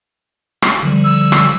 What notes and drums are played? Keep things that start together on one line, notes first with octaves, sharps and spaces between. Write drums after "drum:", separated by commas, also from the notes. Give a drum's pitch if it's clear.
drum: rim click
D3 F3 G3
E6
drum: rim click